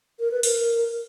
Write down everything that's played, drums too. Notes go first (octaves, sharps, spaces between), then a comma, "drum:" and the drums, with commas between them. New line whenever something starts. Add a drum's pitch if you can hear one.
A#4
B4
A#4, drum: open hi-hat